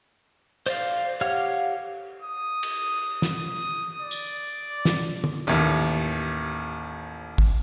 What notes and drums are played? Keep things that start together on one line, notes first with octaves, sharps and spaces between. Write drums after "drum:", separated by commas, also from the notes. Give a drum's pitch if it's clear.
C5 D5 F5, drum: cymbal
G4 C#5 F5 F#5 F6
D#6
drum: cymbal
drum: snare
D5
drum: tambourine
drum: snare
drum: tom
A1 D#2, drum: hi-hat
drum: kick